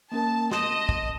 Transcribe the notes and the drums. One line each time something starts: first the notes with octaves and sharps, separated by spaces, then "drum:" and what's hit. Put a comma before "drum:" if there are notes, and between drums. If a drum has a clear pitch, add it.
A#3 C#4 A#4 A5
D#5 A5 C6 D#6 E7, drum: snare
drum: kick